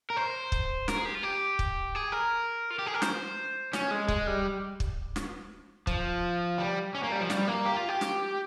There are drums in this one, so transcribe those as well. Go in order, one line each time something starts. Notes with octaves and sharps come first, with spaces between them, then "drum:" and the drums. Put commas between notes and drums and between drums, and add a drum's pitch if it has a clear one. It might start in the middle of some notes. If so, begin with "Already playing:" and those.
A#4
C5
drum: kick
A#4, drum: snare
G#4
G4
F4
G4
drum: kick
G#4
A#4
F4
G4
G#4
A#4
C5, drum: snare
C#4, drum: snare
G#3
G#3, drum: kick
G3
drum: kick
drum: snare
F3, drum: kick
G3
C#4
A#3
G3
F3
G3, drum: snare
A#3
G4
F4
G4
drum: snare